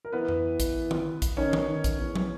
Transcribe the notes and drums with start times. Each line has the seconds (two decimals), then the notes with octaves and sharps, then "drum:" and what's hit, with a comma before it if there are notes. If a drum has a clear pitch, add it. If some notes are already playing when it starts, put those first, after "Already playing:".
0.05 A#4
0.13 E3 B3 B4
0.28 drum: tom F2
0.60 drum: kick A#1, hi-hat
0.91 drum: tom D#3
1.22 drum: kick A#1, hi-hat
1.37 D#3 C#4 C#5
1.53 drum: tom D#3
1.68 D#3
1.84 drum: kick A#1, hi-hat
1.99 E2
2.15 drum: tom